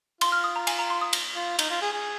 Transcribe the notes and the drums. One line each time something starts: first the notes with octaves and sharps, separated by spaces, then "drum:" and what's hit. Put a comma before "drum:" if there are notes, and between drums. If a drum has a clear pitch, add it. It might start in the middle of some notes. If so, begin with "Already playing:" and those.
F4 C6, drum: cymbal
F6
D#6
A#5
G#5, drum: cymbal
A#5
C6
D#6
drum: cymbal
F4
D#4, drum: cymbal
F4
G#4
G#4